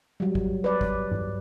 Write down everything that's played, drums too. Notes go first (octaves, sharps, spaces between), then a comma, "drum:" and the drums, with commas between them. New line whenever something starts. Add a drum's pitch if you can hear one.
F#3 G3
drum: kick G#1
B4 D5
drum: kick G#1
drum: tom G2